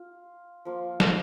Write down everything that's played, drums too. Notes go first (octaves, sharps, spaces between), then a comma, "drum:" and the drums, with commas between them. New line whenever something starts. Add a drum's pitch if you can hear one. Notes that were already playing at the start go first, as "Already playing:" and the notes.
Already playing: F4 F5
F3 A#3 F4
drum: snare